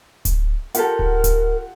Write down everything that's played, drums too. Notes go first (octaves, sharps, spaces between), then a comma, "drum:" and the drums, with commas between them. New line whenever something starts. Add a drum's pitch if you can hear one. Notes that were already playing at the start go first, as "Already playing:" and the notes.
drum: kick D1, hi-hat
F4 G4 A4 A#4 F#5, drum: hi-hat
drum: kick D1
drum: kick D1, hi-hat